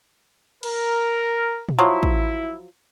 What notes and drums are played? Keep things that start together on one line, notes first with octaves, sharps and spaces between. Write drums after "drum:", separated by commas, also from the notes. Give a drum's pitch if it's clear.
A#4, drum: cymbal
drum: tom A#2
F3 F#3 E4
drum: kick